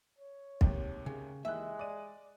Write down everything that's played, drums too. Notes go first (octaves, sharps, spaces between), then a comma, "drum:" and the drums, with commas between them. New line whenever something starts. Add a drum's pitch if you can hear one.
C#5
D#2 G#2 C3, drum: kick
C#3
D#2 E3 G#3 E5 F#6
D5 D#7